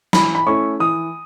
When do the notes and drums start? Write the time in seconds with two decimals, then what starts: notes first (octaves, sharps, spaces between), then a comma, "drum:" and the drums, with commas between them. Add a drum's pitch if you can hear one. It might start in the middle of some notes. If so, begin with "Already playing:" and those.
0.13 E3 B5, drum: snare
0.35 B5
0.46 A3 C#4 E4 C#6
0.80 E3 D#6